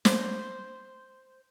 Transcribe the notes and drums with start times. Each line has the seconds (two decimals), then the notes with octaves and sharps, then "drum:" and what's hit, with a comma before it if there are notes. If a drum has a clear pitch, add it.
0.05 C5, drum: snare